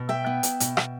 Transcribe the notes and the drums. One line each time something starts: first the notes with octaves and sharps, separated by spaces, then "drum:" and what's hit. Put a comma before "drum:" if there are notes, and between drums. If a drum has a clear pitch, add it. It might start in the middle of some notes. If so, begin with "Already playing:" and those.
Already playing: B2
E5 G5
B3
drum: hi-hat
B2, drum: hi-hat
drum: rim click